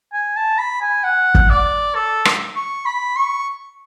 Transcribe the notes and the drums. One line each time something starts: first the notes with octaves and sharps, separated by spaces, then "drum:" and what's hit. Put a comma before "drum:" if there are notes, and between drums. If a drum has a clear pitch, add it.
G#5
A5
B5
G#5
F#5
drum: kick
D5
A4
drum: rim click
C#6
B5
C#6